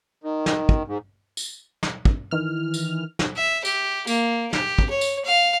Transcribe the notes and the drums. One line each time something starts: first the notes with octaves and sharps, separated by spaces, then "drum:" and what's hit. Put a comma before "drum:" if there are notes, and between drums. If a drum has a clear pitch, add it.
D#3
drum: snare
drum: kick
G#2
drum: tambourine
drum: snare
drum: kick
D#3 E3 F6
drum: tambourine
drum: snare
E5
G4, drum: tambourine
A#3, drum: tambourine
G4, drum: snare
drum: kick
C#5
drum: tambourine
F5